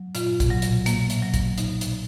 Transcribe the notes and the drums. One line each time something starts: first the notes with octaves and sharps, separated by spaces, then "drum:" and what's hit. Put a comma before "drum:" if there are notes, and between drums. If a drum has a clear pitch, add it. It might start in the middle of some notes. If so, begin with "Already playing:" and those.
Already playing: F#3
A#2 F4, drum: hi-hat
B2, drum: kick, hi-hat
A#2 F#3
drum: hi-hat
A#3, drum: hi-hat
drum: hi-hat
F#3
drum: kick, hi-hat
D#4, drum: hi-hat
drum: hi-hat